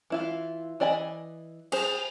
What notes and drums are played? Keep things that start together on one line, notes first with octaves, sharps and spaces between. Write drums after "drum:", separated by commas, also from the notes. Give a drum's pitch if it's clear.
E3 E4 F4
E3 D5 D#5 G#5 B5
G#4 C5, drum: cymbal